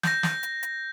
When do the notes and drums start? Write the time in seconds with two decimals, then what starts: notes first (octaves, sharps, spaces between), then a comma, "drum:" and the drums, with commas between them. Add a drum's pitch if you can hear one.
0.03 G6 A#6, drum: snare
0.23 drum: snare
0.43 drum: hi-hat
0.63 drum: hi-hat